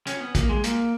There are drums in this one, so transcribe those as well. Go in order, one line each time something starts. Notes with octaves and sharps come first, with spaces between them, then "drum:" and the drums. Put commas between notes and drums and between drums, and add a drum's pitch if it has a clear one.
C#4, drum: hi-hat
B3
A#3, drum: kick, hi-hat
G#3
A#3, drum: hi-hat